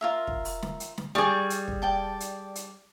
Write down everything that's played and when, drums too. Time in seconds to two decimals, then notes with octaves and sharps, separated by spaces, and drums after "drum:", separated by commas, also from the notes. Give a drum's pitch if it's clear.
0.01 F4 A#4 E5
0.27 drum: kick
0.45 drum: open hi-hat
0.62 drum: snare
0.80 drum: hi-hat
0.98 drum: snare
1.15 G3 G#4 D5 C#6 D#6, drum: snare
1.50 drum: hi-hat
1.68 drum: kick
1.82 D5 G5 A5
2.20 drum: hi-hat
2.55 drum: hi-hat